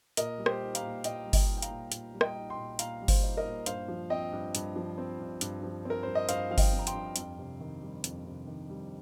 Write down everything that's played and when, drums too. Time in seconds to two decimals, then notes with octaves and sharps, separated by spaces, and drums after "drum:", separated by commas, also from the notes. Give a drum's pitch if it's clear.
0.17 A#2 A#4 D#5, drum: hi-hat
0.38 G3
0.46 G4 C5, drum: rim click
0.61 D#4
0.75 F5 A#5, drum: hi-hat
0.83 A#2
1.04 A#2 D#5 G5, drum: hi-hat
1.26 G3
1.33 D#5 G5, drum: kick G1, open hi-hat
1.48 D#4
1.57 G5
1.62 F5 A#5, drum: hi-hat
1.71 A#2
1.92 A#2, drum: hi-hat
2.14 G3
2.21 D#5 G5, drum: rim click
2.35 D#4
2.50 G5 C6
2.57 A#2
2.79 A#2 F5 A#5, drum: hi-hat
3.02 G3
3.08 C5 F5, drum: kick G1, open hi-hat
3.23 D#4
3.37 A#4 D#5
3.45 A#2
3.66 G2 C5 F5, drum: hi-hat
3.88 F3
4.10 C4 D#5 G5
4.33 G2
4.55 G2, drum: hi-hat
4.76 F3
4.98 C4
5.20 G2
5.41 G2, drum: hi-hat
5.63 F3
5.85 C4 A#4
6.03 G2 C5
6.15 D#5
6.29 G2 C5 F5, drum: hi-hat
6.51 F3 F5
6.58 D#5 G5, drum: kick G1, open hi-hat
6.72 C4
6.79 A#5
6.87 G5 C6, drum: hi-hat
6.94 G2
7.16 F2, drum: hi-hat
7.38 C3
7.60 D#3
7.82 G3
8.04 F2, drum: hi-hat
8.26 C3
8.47 D#3
8.70 G3